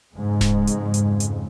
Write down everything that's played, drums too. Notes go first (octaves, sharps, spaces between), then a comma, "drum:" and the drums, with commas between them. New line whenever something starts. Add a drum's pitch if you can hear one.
F2 G#2 C#3 G#3
drum: snare D1
drum: hi-hat
drum: hi-hat
drum: hi-hat